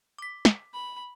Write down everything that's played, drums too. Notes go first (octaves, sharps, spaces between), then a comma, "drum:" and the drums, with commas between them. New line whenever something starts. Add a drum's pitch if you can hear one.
D6 B6
drum: snare
B5